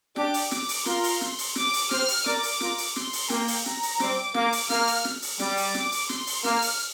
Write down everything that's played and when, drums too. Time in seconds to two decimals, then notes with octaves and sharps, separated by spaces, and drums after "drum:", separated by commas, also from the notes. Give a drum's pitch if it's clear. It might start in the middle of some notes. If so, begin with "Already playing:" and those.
0.16 D4 G4 D6, drum: snare
0.34 drum: open hi-hat
0.51 D6, drum: snare
0.69 drum: open hi-hat
0.86 F4 A#4 C6, drum: snare
1.04 drum: open hi-hat
1.21 drum: snare
1.38 drum: open hi-hat
1.55 D6, drum: snare
1.73 drum: open hi-hat
1.91 G4 C5 F6, drum: snare
2.08 drum: open hi-hat
2.26 A#4 D5 D6, drum: snare
2.43 drum: open hi-hat
2.60 F4 A#4, drum: snare
2.78 drum: open hi-hat
2.96 C6, drum: snare
3.13 drum: open hi-hat
3.30 A#3 G5, drum: snare
3.48 drum: open hi-hat
3.66 A#5, drum: snare
3.83 drum: open hi-hat
4.00 G3 C4 D6, drum: snare
4.34 A#3 D6, drum: snare
4.52 drum: open hi-hat
4.70 A#3 F6, drum: snare
4.87 drum: open hi-hat
5.05 drum: snare
5.22 drum: open hi-hat
5.40 G3 D6, drum: snare
5.57 drum: open hi-hat
5.74 drum: snare
5.92 drum: open hi-hat
6.09 C6, drum: snare
6.27 drum: open hi-hat
6.44 A#3 F6, drum: snare
6.62 drum: open hi-hat